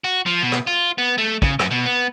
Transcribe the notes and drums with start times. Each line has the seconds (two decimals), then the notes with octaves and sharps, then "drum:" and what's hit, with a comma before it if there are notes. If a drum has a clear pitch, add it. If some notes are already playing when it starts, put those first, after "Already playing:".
0.04 F#4
0.26 F3
0.42 B2
0.52 drum: rim click
0.67 F4
0.98 B3
1.18 A3
1.42 C#3, drum: kick
1.59 F#2, drum: rim click
1.71 B2
1.86 B3